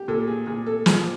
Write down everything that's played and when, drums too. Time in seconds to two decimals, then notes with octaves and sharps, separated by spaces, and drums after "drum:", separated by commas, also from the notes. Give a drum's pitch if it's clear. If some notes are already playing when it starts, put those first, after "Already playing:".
Already playing: G4
0.08 A#2 A4
0.27 G#4
0.47 A#2 G#4
0.66 A4
0.86 F3 G#4, drum: snare